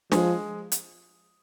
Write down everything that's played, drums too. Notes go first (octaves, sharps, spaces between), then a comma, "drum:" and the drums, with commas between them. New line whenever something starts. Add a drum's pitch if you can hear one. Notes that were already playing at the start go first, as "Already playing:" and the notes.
F3 G#3 G#4, drum: snare
drum: hi-hat